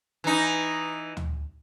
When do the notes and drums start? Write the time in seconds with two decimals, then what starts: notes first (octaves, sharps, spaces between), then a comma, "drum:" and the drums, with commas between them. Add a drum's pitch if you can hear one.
0.24 E3 D#4
1.17 drum: tom D2